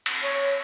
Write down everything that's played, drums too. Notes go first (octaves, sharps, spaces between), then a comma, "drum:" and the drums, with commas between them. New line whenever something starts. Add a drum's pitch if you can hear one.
drum: cymbal
C#5